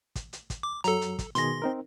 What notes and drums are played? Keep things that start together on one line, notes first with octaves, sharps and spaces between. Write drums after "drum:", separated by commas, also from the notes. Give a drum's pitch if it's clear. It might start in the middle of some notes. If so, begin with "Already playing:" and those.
drum: kick, hi-hat
drum: hi-hat
drum: kick, hi-hat
D6
F#2 F#3 A4 A#5, drum: hi-hat
drum: hi-hat
drum: kick, hi-hat
B2 D#3 G#4 C6 A#6, drum: hi-hat
C4 D#4 A#4